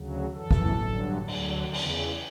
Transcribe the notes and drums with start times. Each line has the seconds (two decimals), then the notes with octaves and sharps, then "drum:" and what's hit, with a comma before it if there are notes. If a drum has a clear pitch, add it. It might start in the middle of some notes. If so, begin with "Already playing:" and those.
Already playing: D2 C#3 F#3
0.34 F#2 E3 A4
0.51 drum: kick
0.65 drum: tom A2
0.80 G2 D3 F#3
1.27 D2 D3 F#3, drum: cymbal
1.73 E2 C#3 E3, drum: cymbal